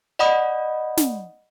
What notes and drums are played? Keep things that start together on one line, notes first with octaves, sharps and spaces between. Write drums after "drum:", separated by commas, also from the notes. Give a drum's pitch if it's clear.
D5 D#5 F#5 B5 D#6
drum: snare